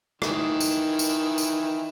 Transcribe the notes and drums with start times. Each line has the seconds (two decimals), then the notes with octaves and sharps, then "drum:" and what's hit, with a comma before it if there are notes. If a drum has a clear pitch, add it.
0.22 D#3 E3, drum: rim click
0.60 drum: tambourine
0.99 drum: tambourine
1.38 drum: tambourine